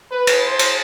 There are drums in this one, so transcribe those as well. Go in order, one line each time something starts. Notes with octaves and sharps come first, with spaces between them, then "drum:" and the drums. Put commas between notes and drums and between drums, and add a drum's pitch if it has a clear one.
B4
drum: cymbal
C5
drum: cymbal